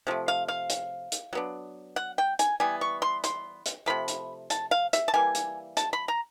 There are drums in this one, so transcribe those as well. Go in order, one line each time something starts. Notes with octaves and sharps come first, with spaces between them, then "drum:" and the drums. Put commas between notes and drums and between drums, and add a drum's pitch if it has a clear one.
C3 F3 A3
F5
F5
drum: hi-hat
drum: hi-hat
F#3 B3 D4
F#5
G5
G#5, drum: hi-hat
E3 G3 B3 G#5
C#6
C6
C6, drum: hi-hat
drum: hi-hat
C3 F3 A3 B5
drum: hi-hat
A5, drum: hi-hat
F5
E5, drum: hi-hat
A5
E3 G3 A#3 G#5
drum: hi-hat
A5, drum: hi-hat
B5
A#5